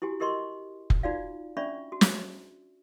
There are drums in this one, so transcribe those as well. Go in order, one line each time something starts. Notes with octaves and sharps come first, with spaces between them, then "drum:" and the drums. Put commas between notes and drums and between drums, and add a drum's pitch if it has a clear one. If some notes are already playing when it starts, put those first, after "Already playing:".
E4 F#4 G4 G#5
E4 G4 A#4 D#5 C6 C#6
drum: kick F1
D#4 F4 F#4 D5 F5
C#4 D4 D5 E5 B5 C#6
F#4
drum: snare